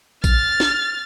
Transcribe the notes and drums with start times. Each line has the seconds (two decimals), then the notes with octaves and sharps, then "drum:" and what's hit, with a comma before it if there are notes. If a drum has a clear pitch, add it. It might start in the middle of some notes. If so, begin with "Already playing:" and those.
0.24 F6 A6, drum: kick A1, tambourine
0.60 drum: snare